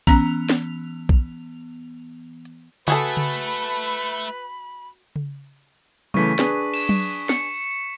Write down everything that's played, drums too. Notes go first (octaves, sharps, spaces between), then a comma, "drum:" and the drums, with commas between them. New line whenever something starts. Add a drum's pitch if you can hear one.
E3 B3 C#4 A#5 F7, drum: kick
drum: snare
drum: kick
drum: hi-hat
A3 F#4 G#4 A4 B4 B5, drum: tom C#3
drum: tom C#3
drum: hi-hat
drum: tom C#3
C#3 E3 A3 C#6 B6, drum: tom F#3
D4 G#4 B4, drum: snare
E7, drum: cymbal
drum: tom F#3
C#7, drum: snare